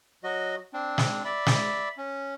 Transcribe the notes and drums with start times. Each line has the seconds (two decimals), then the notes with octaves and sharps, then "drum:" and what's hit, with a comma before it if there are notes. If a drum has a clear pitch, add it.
0.24 F#3 F#4 D#5
0.73 C4 D4
0.98 drum: snare
1.25 D5 E5 B5
1.46 drum: snare
1.98 C#4